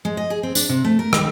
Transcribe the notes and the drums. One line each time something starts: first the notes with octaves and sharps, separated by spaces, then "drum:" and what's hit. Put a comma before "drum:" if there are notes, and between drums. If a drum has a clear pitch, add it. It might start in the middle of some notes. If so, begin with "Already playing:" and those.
G#3
D#5
G#4
C4
D4, drum: tambourine
C3
A3
A#4
D#3, drum: rim click